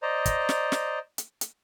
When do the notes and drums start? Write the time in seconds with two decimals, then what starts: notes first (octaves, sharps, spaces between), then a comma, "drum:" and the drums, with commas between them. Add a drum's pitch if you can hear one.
0.02 C5 D5 D#5 A#5
0.26 drum: kick, hi-hat
0.49 drum: snare
0.72 drum: snare
1.18 drum: hi-hat
1.41 drum: hi-hat